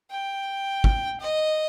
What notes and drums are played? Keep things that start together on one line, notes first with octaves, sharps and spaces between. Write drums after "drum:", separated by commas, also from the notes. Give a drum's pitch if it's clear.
G5
drum: kick
D#5